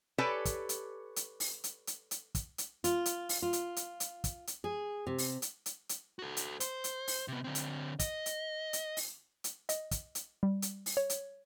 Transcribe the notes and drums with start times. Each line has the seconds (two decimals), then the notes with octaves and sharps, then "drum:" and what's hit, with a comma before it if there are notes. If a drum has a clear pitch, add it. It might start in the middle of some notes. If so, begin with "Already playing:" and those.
0.18 G4 A4 B4 C#5 D5 G#5
0.45 drum: kick, hi-hat
0.69 drum: hi-hat
1.16 drum: hi-hat
1.40 drum: open hi-hat
1.64 drum: hi-hat
1.87 drum: hi-hat
2.11 drum: hi-hat
2.35 drum: kick, hi-hat
2.58 drum: hi-hat
2.84 F4, drum: hi-hat
3.06 drum: hi-hat
3.29 drum: open hi-hat
3.42 F4
3.53 drum: hi-hat
3.76 drum: hi-hat
4.00 drum: hi-hat
4.24 drum: kick, hi-hat
4.47 drum: hi-hat
4.64 G#4
5.07 C3
5.18 drum: open hi-hat
5.42 drum: hi-hat
5.66 drum: hi-hat
5.89 drum: hi-hat
6.19 F#4 A4
6.37 drum: hi-hat
6.60 C5, drum: hi-hat
6.84 drum: hi-hat
7.08 drum: open hi-hat
7.28 C3 B3
7.44 D3 C4
7.55 drum: hi-hat
7.99 D#5, drum: kick, hi-hat
8.26 drum: hi-hat
8.73 drum: hi-hat
8.97 drum: open hi-hat
9.44 drum: hi-hat
9.69 D#5, drum: hi-hat
9.91 drum: kick, hi-hat
10.15 drum: hi-hat
10.43 G3
10.62 drum: hi-hat
10.86 drum: open hi-hat
10.97 C#5
11.10 drum: hi-hat